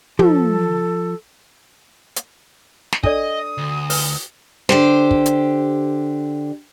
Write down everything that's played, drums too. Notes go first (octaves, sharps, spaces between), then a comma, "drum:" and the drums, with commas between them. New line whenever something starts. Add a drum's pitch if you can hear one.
F3 A4, drum: tom
drum: hi-hat
drum: snare
D4 A4 D5 D#5 D#6, drum: kick
D2
B4, drum: open hi-hat
D3 G4 C5, drum: snare
drum: kick
drum: hi-hat